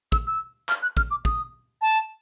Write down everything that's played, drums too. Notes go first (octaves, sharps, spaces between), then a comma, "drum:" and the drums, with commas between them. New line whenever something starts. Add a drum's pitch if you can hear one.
E6, drum: kick
E6
F6, drum: clap
F#6
F6, drum: kick
D6
D#6, drum: kick
A5